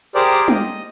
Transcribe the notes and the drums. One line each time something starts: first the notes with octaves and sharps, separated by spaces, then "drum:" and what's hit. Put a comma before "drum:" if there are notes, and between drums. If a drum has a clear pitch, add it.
G4 G#4 A#4 C5 D5
D#5, drum: tom